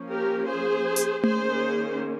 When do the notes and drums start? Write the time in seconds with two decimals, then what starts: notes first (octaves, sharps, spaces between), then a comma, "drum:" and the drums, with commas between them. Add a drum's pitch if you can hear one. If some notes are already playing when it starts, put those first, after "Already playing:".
Already playing: F3 A#3 C#4
0.11 G4 A#4
0.49 G#4 C5
0.96 drum: hi-hat
1.24 D#3 A#3 C#4 G#4 C5, drum: tom A3